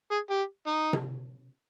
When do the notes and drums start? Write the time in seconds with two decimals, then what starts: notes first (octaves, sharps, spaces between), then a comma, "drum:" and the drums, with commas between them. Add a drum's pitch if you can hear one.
0.11 G#4
0.30 G4
0.67 D#4
0.93 drum: tom C3